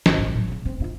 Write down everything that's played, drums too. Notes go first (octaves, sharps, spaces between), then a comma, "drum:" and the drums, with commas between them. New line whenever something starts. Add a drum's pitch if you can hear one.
G1, drum: snare
A1
A2 F#3
C#3 C4
B3 C4
G2 F4